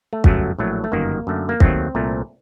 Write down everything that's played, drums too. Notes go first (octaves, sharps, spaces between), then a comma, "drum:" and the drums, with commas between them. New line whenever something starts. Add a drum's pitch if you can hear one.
A3
G1 F#2 F#3 A3, drum: kick
A#1 A2 F#3 A3
A3
G1 F#2 D#3 A#3
F#2 D3 A3
A#3
D#2 D#3 F#3 A3 C4, drum: kick
C2 A#2 A3